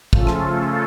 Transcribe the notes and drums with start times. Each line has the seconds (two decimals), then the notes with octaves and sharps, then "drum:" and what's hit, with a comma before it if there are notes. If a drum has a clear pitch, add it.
0.13 C#3 F3 A3 C#4 F4 A4, drum: kick
0.27 drum: rim click